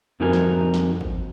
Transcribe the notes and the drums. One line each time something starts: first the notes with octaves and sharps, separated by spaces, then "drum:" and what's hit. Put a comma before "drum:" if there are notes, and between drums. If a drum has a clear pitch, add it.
F2 C4 D#4 F#4 A#4 G#5
drum: snare
drum: snare
drum: kick